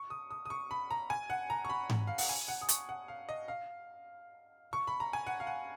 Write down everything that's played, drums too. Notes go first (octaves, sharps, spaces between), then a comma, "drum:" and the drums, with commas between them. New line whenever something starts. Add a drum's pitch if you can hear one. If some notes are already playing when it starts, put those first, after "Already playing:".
Already playing: C#6
D#6
D#6
D#6
C#6
B5
A#5
G#5
F#5
A#5
C#6
B5
drum: tom G#2
F5
F#5, drum: open hi-hat
G#5
F#5
D#6
C#6, drum: hi-hat
F#5
F5
D#5
F5
C#6
B5
A#5
G#5
F#5
F5
F#5